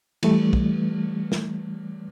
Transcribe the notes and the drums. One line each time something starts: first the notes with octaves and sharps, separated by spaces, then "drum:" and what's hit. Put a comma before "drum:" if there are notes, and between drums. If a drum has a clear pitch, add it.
E3 G3 A3, drum: cymbal
drum: kick
drum: snare